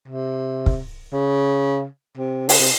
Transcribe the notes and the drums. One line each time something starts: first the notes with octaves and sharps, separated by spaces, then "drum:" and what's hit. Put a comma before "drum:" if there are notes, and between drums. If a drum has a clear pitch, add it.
C3
drum: kick
C#3
C3
C#3, drum: open hi-hat
C3